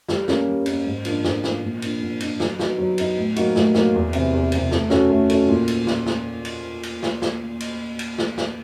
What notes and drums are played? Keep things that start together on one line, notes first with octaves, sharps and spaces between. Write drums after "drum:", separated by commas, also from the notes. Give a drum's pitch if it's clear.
G3, drum: snare
A#3 C#4, drum: snare
G3
A#3 C#4, drum: cymbal
G#2
F3 A#3 D4, drum: cymbal
G#2, drum: snare
F3 A#3 D4, drum: snare
A#2
F3 A#3 D4, drum: cymbal
A#2
F3 A#3 D4, drum: cymbal
F#3, drum: snare
B3 D#4 F#4, drum: snare
F#3
B3 D#4 F#4, drum: cymbal
A2
F#3 A#3 D#4 F#4, drum: cymbal
A2, drum: snare
F#3 A#3 D#4 F#4, drum: snare
E2
C3 E3, drum: cymbal
E2
C3 E3, drum: cymbal
A3, drum: snare
C#4 F#4 A4, drum: snare
A3
C#4 F#4 A4, drum: cymbal
A#2
drum: cymbal
drum: snare
drum: snare
drum: cymbal
drum: cymbal
drum: snare
drum: snare
drum: cymbal
drum: cymbal
drum: snare
drum: snare